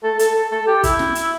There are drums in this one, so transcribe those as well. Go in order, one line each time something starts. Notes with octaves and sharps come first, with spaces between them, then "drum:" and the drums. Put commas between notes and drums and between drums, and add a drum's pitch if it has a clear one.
A4
A4, drum: hi-hat
A4
A4
G4
E4, drum: kick, hi-hat
drum: snare
drum: hi-hat